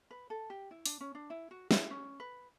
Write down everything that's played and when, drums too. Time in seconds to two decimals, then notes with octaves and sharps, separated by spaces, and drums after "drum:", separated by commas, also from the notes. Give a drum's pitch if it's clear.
0.11 B4
0.30 A4
0.50 G4
0.71 E4
0.86 D4, drum: open hi-hat
1.01 C#4
1.15 D4
1.30 E4
1.51 F#4
1.71 E4, drum: snare
1.91 C#4
2.20 B4